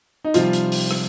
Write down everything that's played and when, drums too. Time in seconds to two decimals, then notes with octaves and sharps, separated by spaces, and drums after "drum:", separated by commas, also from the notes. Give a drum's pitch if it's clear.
0.24 D#4
0.34 C3 F3 G3 F4, drum: hi-hat
0.53 drum: hi-hat
0.72 drum: open hi-hat
0.91 drum: rim click